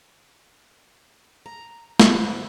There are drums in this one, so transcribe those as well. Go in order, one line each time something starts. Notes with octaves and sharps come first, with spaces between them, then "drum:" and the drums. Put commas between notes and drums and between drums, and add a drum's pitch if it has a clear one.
A#5
G#2 D3 E3, drum: snare